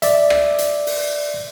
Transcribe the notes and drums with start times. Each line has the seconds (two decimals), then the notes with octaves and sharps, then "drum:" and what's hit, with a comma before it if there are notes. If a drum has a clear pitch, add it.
0.02 D5 E5, drum: hi-hat
0.30 drum: rim click
0.58 drum: hi-hat
0.87 drum: open hi-hat